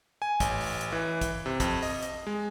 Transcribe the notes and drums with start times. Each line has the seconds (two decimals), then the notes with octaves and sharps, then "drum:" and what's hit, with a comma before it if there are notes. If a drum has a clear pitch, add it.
0.22 G#5
0.40 A1, drum: kick, hi-hat
0.61 drum: open hi-hat
0.81 drum: hi-hat
0.92 E3
1.21 drum: kick, hi-hat
1.46 C3
1.60 F2, drum: kick, hi-hat
1.83 D#5, drum: open hi-hat
2.03 drum: hi-hat
2.27 G#3